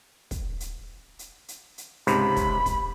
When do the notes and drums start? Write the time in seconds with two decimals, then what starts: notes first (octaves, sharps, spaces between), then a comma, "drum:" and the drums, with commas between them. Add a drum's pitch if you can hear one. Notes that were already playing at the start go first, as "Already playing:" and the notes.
0.31 drum: kick, hi-hat
0.60 drum: hi-hat
1.19 drum: hi-hat
1.48 drum: hi-hat
1.78 drum: hi-hat
2.07 C#2 G#2 C3 B5, drum: hi-hat
2.36 drum: kick, hi-hat
2.66 drum: kick, hi-hat